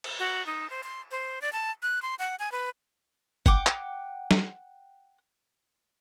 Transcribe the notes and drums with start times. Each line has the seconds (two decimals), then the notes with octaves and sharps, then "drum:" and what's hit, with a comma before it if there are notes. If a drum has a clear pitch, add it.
0.04 drum: cymbal
0.19 F#4
0.46 D#4
0.70 C5
0.83 C6
1.11 C5
1.42 D5
1.53 A5
1.82 F#6
2.02 C6
2.19 F#5
2.39 G#5
2.52 B4
3.46 F#5 G5 D6, drum: kick
3.66 drum: clap
4.31 drum: snare